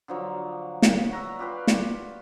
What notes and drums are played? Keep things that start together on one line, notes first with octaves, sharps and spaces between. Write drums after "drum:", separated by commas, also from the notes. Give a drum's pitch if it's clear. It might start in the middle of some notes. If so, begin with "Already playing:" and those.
D3 F3 F#3
drum: snare
E5 F#5 A#5 C#6
F4 G4 B4 F5
drum: snare